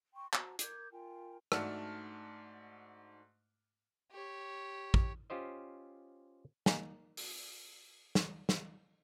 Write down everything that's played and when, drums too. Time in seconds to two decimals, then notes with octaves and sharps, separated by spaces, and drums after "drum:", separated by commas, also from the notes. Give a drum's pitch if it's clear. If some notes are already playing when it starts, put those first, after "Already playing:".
0.14 G5 C6 C#6
0.33 F#4 C5 A5 A#5, drum: clap
0.59 A#4 D6 G6 G#6, drum: hi-hat
0.92 F4 A#4 G5 G#5
1.52 G#2 A3 D4 F#4 A5 F6, drum: rim click
4.12 G4 C#5
4.94 drum: kick
5.30 C#4 F4 G4 C5 D#5
6.66 A#3 D#4 G#5, drum: snare
7.17 drum: open hi-hat
8.15 drum: snare
8.49 drum: snare